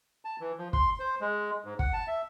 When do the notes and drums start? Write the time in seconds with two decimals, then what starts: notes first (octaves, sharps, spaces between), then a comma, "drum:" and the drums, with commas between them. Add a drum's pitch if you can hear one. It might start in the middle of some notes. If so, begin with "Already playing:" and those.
0.25 A5
0.40 E3
0.58 F3
0.73 C6, drum: kick
1.00 C5
1.21 G#3
1.65 G#2
1.79 F#5, drum: kick
1.93 A5
2.07 E5